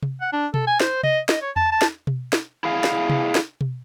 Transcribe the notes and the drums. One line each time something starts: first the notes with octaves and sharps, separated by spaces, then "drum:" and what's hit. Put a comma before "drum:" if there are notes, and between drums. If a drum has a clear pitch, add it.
drum: tom C3
F#5
D4
A4, drum: tom B2
G#5
C5, drum: snare
D#5, drum: tom C3
D#5, drum: snare
C#5
A5, drum: tom E2
A5
drum: snare
drum: tom B2
drum: snare
E4 G#4 F5
drum: snare
drum: tom C3
drum: snare
drum: tom B2